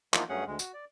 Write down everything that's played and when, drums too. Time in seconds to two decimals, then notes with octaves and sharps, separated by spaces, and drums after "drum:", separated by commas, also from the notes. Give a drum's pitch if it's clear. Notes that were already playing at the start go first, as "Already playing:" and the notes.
0.14 E3 F3 A#3 B3 D#4 F4, drum: clap
0.29 G2 F#3 A3 C#4 G#4 F#5
0.47 D2 G#3
0.59 F#4, drum: tambourine
0.74 D5